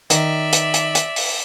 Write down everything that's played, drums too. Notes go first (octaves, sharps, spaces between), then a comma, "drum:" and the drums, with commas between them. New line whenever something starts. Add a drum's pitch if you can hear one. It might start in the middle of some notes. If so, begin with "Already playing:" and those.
D#3 D5 E5, drum: hi-hat
drum: hi-hat
drum: hi-hat
drum: hi-hat
drum: open hi-hat